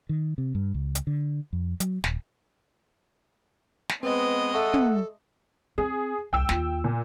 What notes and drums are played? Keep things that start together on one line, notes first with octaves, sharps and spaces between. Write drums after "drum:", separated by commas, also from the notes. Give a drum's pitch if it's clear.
D#3
C3
G2
C#2
drum: hi-hat
D3
F2
F#3, drum: hi-hat
D#1, drum: snare
drum: snare
G#3 B3 C4 B4 D#5
A4 E5 F#5 A5 C#6
drum: tom
C4 G#4
C2 G5 E6
D#2 F4, drum: snare
A#2